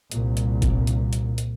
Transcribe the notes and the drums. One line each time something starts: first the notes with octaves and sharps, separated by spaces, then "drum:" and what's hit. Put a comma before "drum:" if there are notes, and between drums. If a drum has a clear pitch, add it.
C2 A#2, drum: hi-hat
drum: hi-hat
drum: kick G1, hi-hat
drum: hi-hat
drum: hi-hat
drum: hi-hat